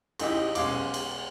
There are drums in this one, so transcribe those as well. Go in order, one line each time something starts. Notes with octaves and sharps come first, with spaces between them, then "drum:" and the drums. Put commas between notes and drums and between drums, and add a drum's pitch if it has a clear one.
A#1 D#4 E4 G4, drum: cymbal
B1 G#3 C#4 F5 D6, drum: cymbal
drum: cymbal